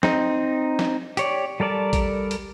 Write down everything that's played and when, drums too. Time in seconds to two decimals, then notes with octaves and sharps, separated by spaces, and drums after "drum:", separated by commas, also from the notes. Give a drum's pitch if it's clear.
0.03 C4 D#4, drum: snare
0.79 drum: snare
1.17 G4 C#5 D5, drum: hi-hat
1.60 G3 A4 A#4 D5 A5
1.93 drum: kick A#1, hi-hat
2.31 drum: hi-hat